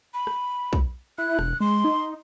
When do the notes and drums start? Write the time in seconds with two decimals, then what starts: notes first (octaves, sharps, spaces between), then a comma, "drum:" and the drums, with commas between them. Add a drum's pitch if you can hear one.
0.14 B5
0.27 drum: rim click
0.73 drum: kick
1.18 E4 F#6
1.39 E1, drum: rim click
1.60 G#3 C6
1.84 D#4